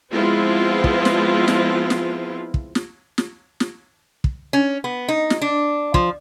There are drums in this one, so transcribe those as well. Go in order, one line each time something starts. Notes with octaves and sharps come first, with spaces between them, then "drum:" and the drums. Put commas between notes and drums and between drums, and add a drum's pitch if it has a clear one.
F3 G#3 B3 C4 E4 F4
drum: kick
drum: snare
drum: snare
drum: snare
drum: kick
drum: snare
drum: snare
drum: snare
drum: kick
C#4
B3
D#4
drum: snare
D4
F3, drum: kick